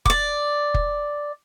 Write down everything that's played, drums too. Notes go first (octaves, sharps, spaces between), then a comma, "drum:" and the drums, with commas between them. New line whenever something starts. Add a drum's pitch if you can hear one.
D5 D6, drum: kick
drum: kick